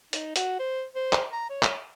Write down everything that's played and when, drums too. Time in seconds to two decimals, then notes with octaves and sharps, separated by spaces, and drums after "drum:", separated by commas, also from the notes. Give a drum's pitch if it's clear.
0.13 D#4, drum: hi-hat
0.36 F#4, drum: hi-hat
0.59 C5
0.95 C5
1.13 drum: clap
1.33 A#5
1.50 C#5
1.63 drum: clap